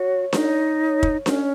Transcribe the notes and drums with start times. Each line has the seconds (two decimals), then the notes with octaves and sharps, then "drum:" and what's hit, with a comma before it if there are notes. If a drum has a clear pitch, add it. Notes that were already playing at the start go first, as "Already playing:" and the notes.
Already playing: F#4 C#5
0.33 D#4, drum: snare D4
1.03 drum: kick
1.26 C#4, drum: snare D4